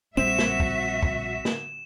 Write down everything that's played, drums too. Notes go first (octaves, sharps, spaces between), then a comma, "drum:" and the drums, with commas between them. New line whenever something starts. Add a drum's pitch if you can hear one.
A#1 G3 C4 F#4 E5 E7
drum: snare
drum: kick
drum: kick
drum: snare